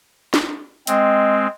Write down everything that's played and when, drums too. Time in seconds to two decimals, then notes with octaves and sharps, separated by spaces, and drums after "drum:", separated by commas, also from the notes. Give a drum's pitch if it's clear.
0.34 drum: snare
0.87 G#3 C4 D#5 G5, drum: hi-hat